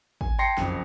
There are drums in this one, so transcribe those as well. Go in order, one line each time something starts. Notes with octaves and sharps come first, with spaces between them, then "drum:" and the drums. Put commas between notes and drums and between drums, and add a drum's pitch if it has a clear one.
G#5, drum: kick G#1
G5 A5 C6 A#6 C7 C#7
F#1 F2, drum: snare